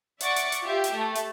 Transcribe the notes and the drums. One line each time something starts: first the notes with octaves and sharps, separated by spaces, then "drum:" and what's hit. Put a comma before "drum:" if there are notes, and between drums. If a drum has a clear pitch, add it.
D5 E5 F#5 C#6 D6 A6, drum: hi-hat
drum: hi-hat
drum: hi-hat
F4 G4 E5
drum: hi-hat
A3
drum: hi-hat